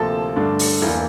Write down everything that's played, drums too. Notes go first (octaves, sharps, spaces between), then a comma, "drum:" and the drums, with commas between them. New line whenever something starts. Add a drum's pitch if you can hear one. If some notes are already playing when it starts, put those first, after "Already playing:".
Already playing: D2 C3 F3 A#3 A4 A5
G2 D3 A3 D4
drum: open hi-hat
E1 E2 E3 A#3